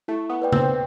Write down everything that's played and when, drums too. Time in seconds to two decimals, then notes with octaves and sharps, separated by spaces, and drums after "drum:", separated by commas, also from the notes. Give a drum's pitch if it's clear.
0.08 A3 E4
0.30 B3
0.42 B4 D5 G5
0.52 C4, drum: tom